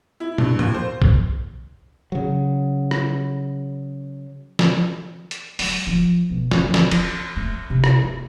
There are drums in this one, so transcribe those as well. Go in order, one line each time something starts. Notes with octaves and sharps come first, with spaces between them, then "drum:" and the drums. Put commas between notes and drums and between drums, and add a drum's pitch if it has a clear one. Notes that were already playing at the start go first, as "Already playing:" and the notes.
E4
G2, drum: tom
D#2, drum: tom
C5
drum: kick
C#3 F#3
drum: rim click
drum: snare
drum: hi-hat
F#3, drum: open hi-hat
F3
B1
F#2, drum: snare
drum: snare
C4, drum: cymbal
A3
C3
drum: rim click
A#3